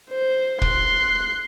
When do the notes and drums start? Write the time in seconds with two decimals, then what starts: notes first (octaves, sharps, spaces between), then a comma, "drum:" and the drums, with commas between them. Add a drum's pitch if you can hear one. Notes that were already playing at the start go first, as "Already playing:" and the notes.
0.10 C5
0.62 C6 F#6, drum: kick